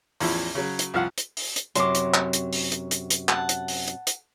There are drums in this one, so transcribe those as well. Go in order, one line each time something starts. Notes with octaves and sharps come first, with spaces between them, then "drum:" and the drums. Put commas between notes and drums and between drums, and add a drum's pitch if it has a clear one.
A1 E2 F3 E4, drum: open hi-hat
C#3 F#3
drum: hi-hat
C2 F3 F5 F#5
drum: hi-hat
drum: open hi-hat
drum: hi-hat
F#2 C3 F#3 C6 D6, drum: hi-hat
drum: hi-hat
drum: clap
drum: hi-hat
drum: open hi-hat
drum: hi-hat
drum: hi-hat
drum: hi-hat
F#5 A5, drum: clap
drum: hi-hat
drum: open hi-hat
drum: hi-hat
drum: hi-hat